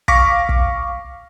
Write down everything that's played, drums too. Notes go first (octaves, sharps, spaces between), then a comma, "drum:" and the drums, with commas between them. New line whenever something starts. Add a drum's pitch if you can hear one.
F5 C#6 D6 A#6 B6, drum: kick
drum: kick